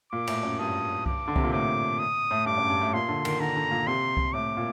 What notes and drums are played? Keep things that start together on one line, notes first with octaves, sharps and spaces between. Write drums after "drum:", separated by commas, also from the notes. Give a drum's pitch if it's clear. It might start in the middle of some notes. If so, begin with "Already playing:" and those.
A#2 D6
A2, drum: cymbal
F#2
G2 D#6
D6, drum: kick C2
D3
C3, drum: kick C2
A#2
A2 D6
D#6
A2
G2 D6
F#2
G2
A2
A#2 C6
D3
D#3, drum: cymbal
D3 A#5
D3
A#2
C3 C6
drum: kick C2
A2 D6
A#2